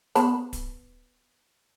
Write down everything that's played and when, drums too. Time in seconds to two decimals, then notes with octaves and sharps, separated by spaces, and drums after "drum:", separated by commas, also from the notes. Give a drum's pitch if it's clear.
0.15 B3 A5 B5, drum: hi-hat
0.53 drum: kick D1, hi-hat